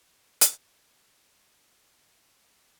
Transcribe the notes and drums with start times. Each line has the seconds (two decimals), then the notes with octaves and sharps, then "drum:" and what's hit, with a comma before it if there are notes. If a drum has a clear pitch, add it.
0.41 drum: hi-hat
0.81 G#3 G4